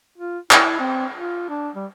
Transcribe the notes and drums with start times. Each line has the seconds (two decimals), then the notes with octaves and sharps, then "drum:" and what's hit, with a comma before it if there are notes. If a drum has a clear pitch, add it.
0.18 F4
0.51 E4, drum: clap
0.79 C4
1.13 F4
1.49 D4
1.75 G3